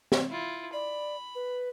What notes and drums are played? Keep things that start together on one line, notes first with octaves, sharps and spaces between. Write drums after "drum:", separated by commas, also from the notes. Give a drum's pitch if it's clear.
drum: snare
E4 F4
D5 B5
B4